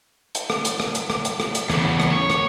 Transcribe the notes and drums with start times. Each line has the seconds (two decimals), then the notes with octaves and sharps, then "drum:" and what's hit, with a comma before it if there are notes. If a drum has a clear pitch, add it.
0.35 drum: hi-hat
0.50 drum: rim click
0.65 drum: hi-hat
0.80 drum: rim click
0.95 drum: hi-hat
1.10 drum: rim click
1.25 drum: hi-hat
1.40 drum: rim click
1.55 drum: hi-hat
1.70 E2 C#3, drum: rim click
2.00 drum: rim click
2.11 C#5
2.30 drum: rim click